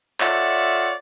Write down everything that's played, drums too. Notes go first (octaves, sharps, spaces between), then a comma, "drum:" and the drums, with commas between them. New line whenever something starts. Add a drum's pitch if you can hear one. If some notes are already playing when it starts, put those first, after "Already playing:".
F4 A4 C#5 D5 E5 F#5, drum: clap